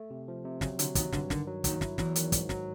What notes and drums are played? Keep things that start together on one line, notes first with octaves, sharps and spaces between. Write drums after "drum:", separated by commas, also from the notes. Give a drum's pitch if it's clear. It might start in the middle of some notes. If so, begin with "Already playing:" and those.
Already playing: A3
C3
F3
C3
C#3 F#3, drum: snare
D3 F#3, drum: hi-hat
D#2 D#3 F#3, drum: kick, hi-hat
G2 D3, drum: snare
D3 D#3, drum: snare
F#3
D#2 D#3 F#3, drum: kick, hi-hat
E4, drum: snare
E2 E3 F#3, drum: snare
D#3, drum: hi-hat
G#2, drum: kick, hi-hat
F#3, drum: snare